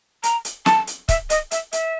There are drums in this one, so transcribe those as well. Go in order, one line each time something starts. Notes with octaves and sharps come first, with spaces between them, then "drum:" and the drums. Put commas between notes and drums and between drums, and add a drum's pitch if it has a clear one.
A#5, drum: hi-hat
drum: hi-hat
A5, drum: snare
drum: hi-hat
E5, drum: kick, hi-hat
D#5, drum: hi-hat
E5, drum: hi-hat
E5, drum: hi-hat